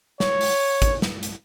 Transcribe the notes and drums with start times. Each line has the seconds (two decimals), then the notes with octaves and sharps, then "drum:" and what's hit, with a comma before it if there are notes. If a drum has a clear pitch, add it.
0.20 C#5, drum: snare
0.41 drum: open hi-hat
0.82 drum: kick, hi-hat
1.02 drum: snare
1.23 drum: hi-hat